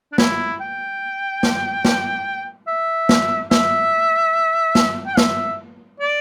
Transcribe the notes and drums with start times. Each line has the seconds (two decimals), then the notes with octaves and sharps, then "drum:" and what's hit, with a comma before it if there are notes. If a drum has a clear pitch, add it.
0.12 D4
0.18 E4, drum: snare
0.61 G5
1.43 drum: snare
1.85 drum: snare
2.67 E5
3.09 drum: snare
3.51 E5, drum: snare
4.75 drum: snare
5.07 G5
5.17 E5, drum: snare
6.00 D5